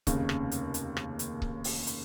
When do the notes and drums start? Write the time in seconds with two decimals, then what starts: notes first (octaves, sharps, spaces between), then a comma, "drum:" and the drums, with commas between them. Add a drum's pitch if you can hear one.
0.07 F1 D#2 C#3, drum: kick C#1, hi-hat
0.29 drum: rim click
0.51 drum: hi-hat
0.74 drum: hi-hat
0.97 drum: rim click
1.19 drum: hi-hat
1.42 drum: kick C#1
1.64 drum: open hi-hat
1.87 drum: hi-hat